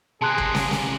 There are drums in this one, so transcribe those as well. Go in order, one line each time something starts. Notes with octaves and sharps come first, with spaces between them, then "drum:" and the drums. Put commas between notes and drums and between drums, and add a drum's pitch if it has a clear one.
C3 A#3 G#4 A5 C6 F#6
drum: kick
drum: snare
drum: snare